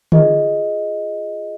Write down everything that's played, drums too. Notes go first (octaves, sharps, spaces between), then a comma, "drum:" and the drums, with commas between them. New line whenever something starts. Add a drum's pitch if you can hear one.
F4 G#4 D#5, drum: tom D3